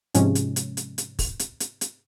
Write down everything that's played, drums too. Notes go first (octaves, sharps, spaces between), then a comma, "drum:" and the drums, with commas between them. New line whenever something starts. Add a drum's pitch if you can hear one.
G#2 C3 F3 G#3 C#4, drum: hi-hat
drum: hi-hat
drum: hi-hat
drum: hi-hat
drum: hi-hat
drum: kick, open hi-hat
drum: hi-hat
drum: hi-hat
drum: hi-hat